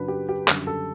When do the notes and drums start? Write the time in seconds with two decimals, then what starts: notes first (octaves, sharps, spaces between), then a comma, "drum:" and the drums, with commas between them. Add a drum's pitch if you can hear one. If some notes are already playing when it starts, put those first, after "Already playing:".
Already playing: F#2 C#3 F#3 D4 B4
0.08 G4
0.29 G4
0.48 F#2 D3 G3, drum: clap
0.67 A4